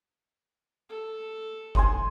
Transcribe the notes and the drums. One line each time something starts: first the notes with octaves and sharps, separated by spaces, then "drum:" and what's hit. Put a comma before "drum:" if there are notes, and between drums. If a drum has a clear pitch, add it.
A4
G#5 C6 D#6, drum: kick F#1